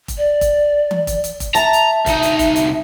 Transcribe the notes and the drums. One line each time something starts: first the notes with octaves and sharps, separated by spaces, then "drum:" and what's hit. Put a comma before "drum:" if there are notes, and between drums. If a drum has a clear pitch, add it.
drum: kick F1, hi-hat
D5
drum: kick F1, hi-hat
drum: tom E3
drum: kick F1, hi-hat
drum: hi-hat
drum: kick F1, hi-hat
E5 A5 A#5, drum: hi-hat
drum: hi-hat
C2 D#4, drum: kick F1, hi-hat
drum: hi-hat
drum: kick F1, hi-hat
drum: hi-hat